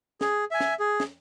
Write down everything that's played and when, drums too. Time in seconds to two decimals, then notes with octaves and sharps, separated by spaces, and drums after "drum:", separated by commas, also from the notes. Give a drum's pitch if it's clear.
0.21 G#4, drum: snare
0.51 E5 G#5
0.60 drum: snare
0.80 G#4
1.00 drum: snare